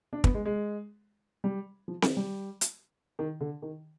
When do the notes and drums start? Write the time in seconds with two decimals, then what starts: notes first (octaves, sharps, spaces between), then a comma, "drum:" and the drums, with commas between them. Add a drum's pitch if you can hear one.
0.13 D4
0.24 B3, drum: kick
0.34 G#3
0.45 G#3
1.44 G3
1.88 F3
2.02 D#3, drum: snare C4
2.17 G3
2.61 drum: hi-hat
3.19 D#3
3.40 D3
3.62 D#3